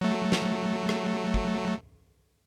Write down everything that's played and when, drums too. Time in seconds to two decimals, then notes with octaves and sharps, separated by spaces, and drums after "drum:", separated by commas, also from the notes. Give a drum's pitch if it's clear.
0.01 F#3 A3
0.32 drum: snare
0.89 drum: rim click
1.34 drum: kick